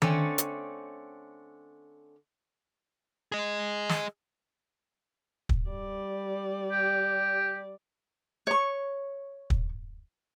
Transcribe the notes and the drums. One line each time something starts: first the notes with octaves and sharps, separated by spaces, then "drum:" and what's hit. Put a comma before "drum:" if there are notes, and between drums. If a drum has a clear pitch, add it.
D3 A3 C4 C#4, drum: tom D#3
drum: hi-hat
G#4 D#5
drum: snare
drum: kick
G3 D5
G4
C#5 C#6
drum: kick